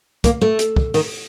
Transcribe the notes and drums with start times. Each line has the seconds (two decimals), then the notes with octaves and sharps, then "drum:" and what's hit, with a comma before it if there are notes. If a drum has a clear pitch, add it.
0.24 A#3, drum: kick, hi-hat
0.41 A3
0.59 drum: hi-hat
0.76 drum: kick
0.94 D#3, drum: open hi-hat